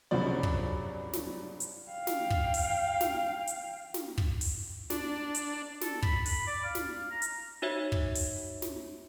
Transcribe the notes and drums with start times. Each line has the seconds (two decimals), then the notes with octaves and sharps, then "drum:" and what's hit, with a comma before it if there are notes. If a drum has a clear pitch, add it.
0.11 C2 G2 C#3 F3 F#3 D5
0.43 drum: kick
1.13 drum: snare
1.60 drum: hi-hat
1.91 F5 G5
2.07 drum: snare
2.30 drum: kick
2.54 drum: open hi-hat
3.01 drum: snare
3.47 drum: hi-hat
3.94 drum: snare
4.18 drum: kick
4.41 drum: open hi-hat
4.90 D4, drum: snare
5.35 drum: hi-hat
5.81 A4, drum: snare
6.02 B5, drum: kick
6.26 B5, drum: open hi-hat
6.47 D5
6.64 F5
6.75 drum: snare
6.94 F5
7.11 A#5
7.22 drum: hi-hat
7.62 D#4 F#4 C#5 E5
7.92 drum: kick
8.15 drum: open hi-hat
8.62 drum: snare